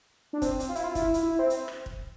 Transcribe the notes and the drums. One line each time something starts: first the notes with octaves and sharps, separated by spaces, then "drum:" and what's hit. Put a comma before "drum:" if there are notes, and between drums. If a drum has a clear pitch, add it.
D4
C4, drum: kick, hi-hat
drum: hi-hat
F4
E4, drum: hi-hat
F4
E4, drum: kick, hi-hat
drum: hi-hat
E4
C4
drum: hi-hat
drum: rim click
drum: kick